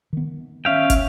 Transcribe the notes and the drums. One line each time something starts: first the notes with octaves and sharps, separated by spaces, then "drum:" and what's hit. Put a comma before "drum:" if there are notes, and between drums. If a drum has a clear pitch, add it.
D#3 B3
C#4 E5 F5 G5
drum: kick, hi-hat